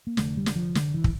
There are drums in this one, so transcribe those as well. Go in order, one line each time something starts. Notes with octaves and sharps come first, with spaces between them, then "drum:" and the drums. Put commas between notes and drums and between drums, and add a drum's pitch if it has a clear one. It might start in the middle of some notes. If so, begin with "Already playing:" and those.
A#3
F1 F2 D3 A3, drum: snare
G3
drum: snare
F3
D3, drum: snare
E3
drum: kick